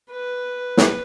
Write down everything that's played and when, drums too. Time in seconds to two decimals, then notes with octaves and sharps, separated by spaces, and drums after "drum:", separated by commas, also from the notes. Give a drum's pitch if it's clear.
0.11 B4
0.77 drum: snare